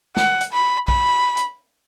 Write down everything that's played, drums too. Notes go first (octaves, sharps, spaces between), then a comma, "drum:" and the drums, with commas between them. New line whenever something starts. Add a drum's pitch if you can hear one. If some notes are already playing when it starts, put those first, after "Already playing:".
F#5, drum: snare
drum: hi-hat
B5
B5, drum: kick B1
drum: hi-hat